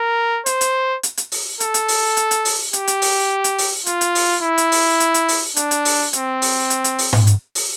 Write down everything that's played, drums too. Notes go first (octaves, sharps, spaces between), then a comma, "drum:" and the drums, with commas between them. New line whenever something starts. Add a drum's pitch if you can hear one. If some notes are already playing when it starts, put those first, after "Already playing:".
Already playing: A#4
C5, drum: hi-hat
drum: hi-hat
drum: hi-hat
drum: hi-hat
drum: open hi-hat
A4, drum: hi-hat
drum: hi-hat
drum: open hi-hat
drum: hi-hat
drum: hi-hat
drum: open hi-hat
G4, drum: hi-hat
drum: hi-hat
drum: open hi-hat
drum: hi-hat
drum: open hi-hat
F4, drum: hi-hat
drum: hi-hat
drum: open hi-hat
E4
drum: hi-hat
drum: open hi-hat
drum: hi-hat
drum: hi-hat
drum: open hi-hat
D4, drum: hi-hat
drum: hi-hat
drum: open hi-hat
C4, drum: hi-hat
drum: open hi-hat
drum: hi-hat
drum: hi-hat
drum: open hi-hat
drum: tom G#2
drum: hi-hat
drum: open hi-hat